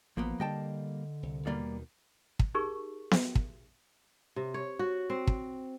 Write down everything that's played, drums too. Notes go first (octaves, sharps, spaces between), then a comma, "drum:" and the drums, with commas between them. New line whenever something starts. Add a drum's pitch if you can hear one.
A1 F3 A#3 B3
D3 G3 A3 A#3 D#5 G5 A5
C2
D#2 B2 D#3 G3 A#3 D5
drum: kick
D#4 G4 G#4 A#4 C#6
drum: snare B3
drum: kick
C3
C#5
F#4
C4
drum: kick